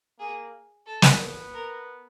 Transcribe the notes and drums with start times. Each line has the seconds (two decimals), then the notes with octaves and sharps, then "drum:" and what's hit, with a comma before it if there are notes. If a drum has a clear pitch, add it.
0.19 A#3 G#4
0.86 A4
1.02 drum: snare
1.20 B3
1.54 A#4